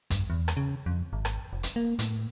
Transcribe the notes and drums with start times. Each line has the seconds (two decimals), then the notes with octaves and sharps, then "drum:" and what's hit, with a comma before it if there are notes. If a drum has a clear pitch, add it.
0.10 G2, drum: kick, hi-hat
0.30 E2
0.48 drum: rim click
0.57 C#3
0.86 F2
1.13 G#1
1.25 drum: rim click
1.53 F1
1.63 drum: hi-hat
1.76 A#3
1.99 A2, drum: hi-hat